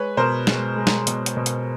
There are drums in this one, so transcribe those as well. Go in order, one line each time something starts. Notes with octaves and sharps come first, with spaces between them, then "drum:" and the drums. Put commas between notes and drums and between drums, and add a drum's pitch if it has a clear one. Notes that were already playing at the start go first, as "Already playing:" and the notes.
Already playing: G#3 B4 C#5
B2 A#4 C5
G#3, drum: snare
G#3
drum: snare
B2, drum: hi-hat
drum: hi-hat
B2
drum: hi-hat